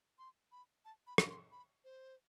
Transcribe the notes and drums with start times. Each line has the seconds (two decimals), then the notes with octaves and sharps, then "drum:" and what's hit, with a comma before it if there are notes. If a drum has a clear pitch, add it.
0.19 C6
0.52 B5
0.85 A5
1.07 B5
1.18 drum: rim click
1.30 C6
1.52 B5
1.84 C5